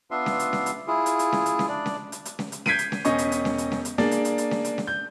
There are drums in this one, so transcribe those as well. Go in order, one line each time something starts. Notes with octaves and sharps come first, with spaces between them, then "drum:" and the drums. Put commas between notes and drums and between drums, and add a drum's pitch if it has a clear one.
B3 D4 F4 E5 C6
drum: snare C#4
drum: hi-hat
drum: snare C#4
drum: hi-hat
E4 F4 G#4
drum: hi-hat
drum: hi-hat
drum: snare C#4
drum: hi-hat
drum: snare C#4
D4 D5
drum: snare C#4
drum: hi-hat
drum: hi-hat
drum: snare C#4
drum: hi-hat
G6 G#6 B6 C7 D7 D#7, drum: snare C#4
drum: hi-hat
drum: snare C#4
E1 C#4 D#5 C#6, drum: hi-hat
drum: hi-hat
drum: hi-hat
drum: snare C#4
drum: hi-hat
drum: snare C#4
drum: hi-hat
A#3 D4 G#4 D5, drum: snare C#4
drum: hi-hat
drum: hi-hat
drum: hi-hat
drum: snare C#4
drum: hi-hat
drum: snare C#4
G6